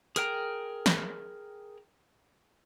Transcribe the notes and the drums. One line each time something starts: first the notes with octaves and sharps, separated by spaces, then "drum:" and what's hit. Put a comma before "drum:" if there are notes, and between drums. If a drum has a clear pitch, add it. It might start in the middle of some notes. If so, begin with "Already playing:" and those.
G#4 A#4 G5 A#5, drum: hi-hat
drum: snare